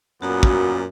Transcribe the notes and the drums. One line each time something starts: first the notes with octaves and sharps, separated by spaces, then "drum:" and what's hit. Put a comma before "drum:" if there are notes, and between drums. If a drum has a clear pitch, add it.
F#2 A#2 B3 F#4
drum: kick